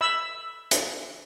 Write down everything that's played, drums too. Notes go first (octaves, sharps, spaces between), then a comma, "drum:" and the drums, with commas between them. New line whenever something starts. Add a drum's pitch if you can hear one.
E5 B5 E6
drum: hi-hat